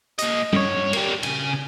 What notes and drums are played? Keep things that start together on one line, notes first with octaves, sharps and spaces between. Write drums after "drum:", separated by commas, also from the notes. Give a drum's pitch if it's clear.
A#2 D#5, drum: hi-hat
G2 C#5, drum: tom
G3 A#3, drum: cymbal
C#3 G#5, drum: cymbal